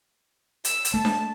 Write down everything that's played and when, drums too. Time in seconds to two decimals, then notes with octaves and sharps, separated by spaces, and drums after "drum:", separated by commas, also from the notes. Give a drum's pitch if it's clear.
0.65 E6, drum: hi-hat
0.85 drum: hi-hat
0.94 A3 A5
1.05 drum: snare D4